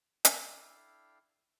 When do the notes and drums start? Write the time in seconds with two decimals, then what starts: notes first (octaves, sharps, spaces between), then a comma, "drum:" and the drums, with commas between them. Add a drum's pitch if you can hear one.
0.25 D4 E4 A4 F5 G5, drum: hi-hat